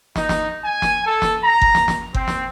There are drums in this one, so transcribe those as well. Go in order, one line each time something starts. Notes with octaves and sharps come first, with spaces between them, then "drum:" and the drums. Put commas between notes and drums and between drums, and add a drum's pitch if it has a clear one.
D#4, drum: snare
drum: snare
G#5
drum: snare
A4
drum: snare
A#5
drum: kick G1
drum: snare
drum: snare
C4, drum: kick G1
drum: snare